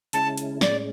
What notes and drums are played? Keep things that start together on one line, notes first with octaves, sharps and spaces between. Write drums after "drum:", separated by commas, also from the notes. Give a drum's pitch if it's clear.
C#3 G#3 C#4 E4 A5, drum: hi-hat
drum: hi-hat
A2 G#3 C#4 D5, drum: snare